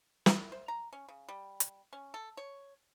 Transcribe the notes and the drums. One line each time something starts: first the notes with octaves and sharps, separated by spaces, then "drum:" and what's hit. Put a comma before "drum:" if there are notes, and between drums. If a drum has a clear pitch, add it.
E4, drum: snare
C5
A#5
C#4
C#3
G3
drum: hi-hat
C#4
A4
C#5